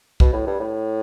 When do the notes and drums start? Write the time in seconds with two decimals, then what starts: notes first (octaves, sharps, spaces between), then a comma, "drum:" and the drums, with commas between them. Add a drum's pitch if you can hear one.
0.20 B2, drum: kick
0.33 A2
0.47 G2
0.60 A2